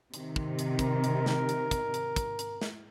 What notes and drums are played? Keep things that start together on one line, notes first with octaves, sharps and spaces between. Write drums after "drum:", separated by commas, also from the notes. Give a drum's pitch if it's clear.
C3 D#3, drum: hi-hat
drum: kick
drum: hi-hat
A#4, drum: kick, hi-hat
drum: hi-hat
drum: snare
drum: hi-hat
drum: kick, hi-hat
drum: hi-hat
drum: kick, hi-hat
drum: hi-hat
drum: snare